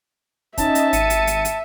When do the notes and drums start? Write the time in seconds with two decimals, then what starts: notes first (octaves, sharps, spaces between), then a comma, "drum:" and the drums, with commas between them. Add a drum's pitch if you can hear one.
0.58 C#4 D#4 D#5 E5 A5, drum: kick, hi-hat
0.75 drum: hi-hat
0.93 G#1 C#7 D#7, drum: hi-hat
1.10 drum: hi-hat
1.27 drum: hi-hat
1.45 drum: hi-hat